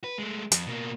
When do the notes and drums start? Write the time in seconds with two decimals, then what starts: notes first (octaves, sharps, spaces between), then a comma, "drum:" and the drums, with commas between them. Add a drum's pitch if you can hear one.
0.04 B4
0.18 G#3 A3
0.52 F2, drum: hi-hat
0.67 B2 A#3